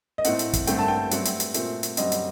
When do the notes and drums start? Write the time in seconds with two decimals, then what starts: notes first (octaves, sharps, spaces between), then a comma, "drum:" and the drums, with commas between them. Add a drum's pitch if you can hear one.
0.18 D#5
0.24 A2 A3 C4 F#5, drum: hi-hat
0.39 drum: hi-hat
0.53 drum: kick, hi-hat
0.67 G2 D3 A3 C4 G5, drum: hi-hat
0.78 A5
0.88 G5
1.11 G2 F#3 A3 C4 F#5, drum: hi-hat
1.25 drum: hi-hat
1.40 drum: hi-hat
1.54 A#2 A3 C4, drum: hi-hat
1.83 drum: hi-hat
1.97 F#2 D3 G3 C4 D#5, drum: hi-hat
2.12 drum: hi-hat